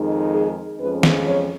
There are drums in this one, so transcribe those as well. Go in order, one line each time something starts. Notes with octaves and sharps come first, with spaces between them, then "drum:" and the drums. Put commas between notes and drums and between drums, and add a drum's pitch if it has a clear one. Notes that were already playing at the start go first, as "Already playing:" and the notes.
Already playing: F2 D#3 G#3 D#4
G#4
F2 F3 G#3 C#4 B4
drum: snare
C#5